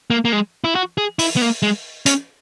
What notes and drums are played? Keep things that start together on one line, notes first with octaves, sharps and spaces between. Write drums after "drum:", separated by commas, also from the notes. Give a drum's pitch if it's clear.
A#3
A#3
G#3
E4
F#4
G#4
E4, drum: open hi-hat
B3
A#3
G#3
C#4, drum: hi-hat